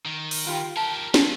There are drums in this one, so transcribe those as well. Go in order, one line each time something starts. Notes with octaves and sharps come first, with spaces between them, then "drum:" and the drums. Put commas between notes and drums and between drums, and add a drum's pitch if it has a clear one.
D#3
drum: open hi-hat
G3 F4 G4
G4 A#4 A5
A3 F4, drum: snare